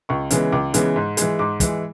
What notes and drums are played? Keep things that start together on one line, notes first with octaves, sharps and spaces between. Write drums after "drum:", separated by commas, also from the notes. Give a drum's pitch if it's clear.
C#2 C#6
C#3 E3 G#3 B3, drum: hi-hat
C#2 D6
C#3 E3 G#3 B3, drum: hi-hat
G#2
E3 G#3, drum: hi-hat
G#2 D6
E3 G#3, drum: kick, hi-hat